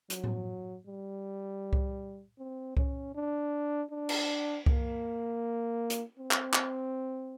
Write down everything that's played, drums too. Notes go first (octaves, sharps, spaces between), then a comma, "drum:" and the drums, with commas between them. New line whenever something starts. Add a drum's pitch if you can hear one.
F#3, drum: hi-hat
drum: tom A2
G3
drum: kick C2
C4
C#4, drum: kick C2
D4
D4
drum: cymbal
A#3, drum: kick C2
drum: hi-hat
C4
drum: clap
drum: clap